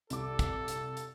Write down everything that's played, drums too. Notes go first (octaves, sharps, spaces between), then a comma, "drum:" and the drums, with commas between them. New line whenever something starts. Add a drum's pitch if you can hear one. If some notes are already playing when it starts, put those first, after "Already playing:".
C2 A4 D6, drum: hi-hat
drum: kick, hi-hat
drum: hi-hat
drum: hi-hat